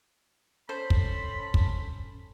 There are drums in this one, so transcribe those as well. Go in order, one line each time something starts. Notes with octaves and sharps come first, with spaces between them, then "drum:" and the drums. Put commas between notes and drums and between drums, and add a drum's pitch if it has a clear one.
C#4 A4 C5 B5
drum: kick
drum: kick